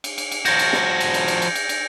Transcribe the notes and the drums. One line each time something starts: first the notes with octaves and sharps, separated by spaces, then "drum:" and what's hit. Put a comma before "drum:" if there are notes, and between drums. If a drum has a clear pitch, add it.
drum: cymbal
drum: cymbal
drum: cymbal
F3 F#4 G6 G#6 A#6, drum: cymbal
drum: cymbal
drum: snare
drum: cymbal
drum: cymbal
drum: cymbal
drum: cymbal
drum: cymbal
drum: cymbal